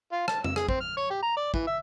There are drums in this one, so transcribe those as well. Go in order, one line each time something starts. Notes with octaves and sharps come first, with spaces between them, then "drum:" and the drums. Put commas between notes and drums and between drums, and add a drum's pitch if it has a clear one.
F4
A5, drum: rim click
E6, drum: tom F2
G#4, drum: rim click
C4, drum: kick
F6
C#5
G4
A#5
D5
E3, drum: kick
E5